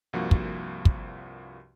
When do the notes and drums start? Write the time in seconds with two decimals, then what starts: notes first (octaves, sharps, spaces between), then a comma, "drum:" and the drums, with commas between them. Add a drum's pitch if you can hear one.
0.13 C2 G2 F3 A#3 F#4
0.31 drum: kick
0.85 drum: kick